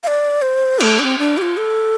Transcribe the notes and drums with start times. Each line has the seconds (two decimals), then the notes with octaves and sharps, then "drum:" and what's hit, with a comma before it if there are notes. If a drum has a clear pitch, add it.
0.03 F5
0.07 D5
0.42 C5
0.80 A3, drum: cymbal
0.99 D4
1.04 C4
1.18 D4
1.37 G4
1.42 F4
1.57 A4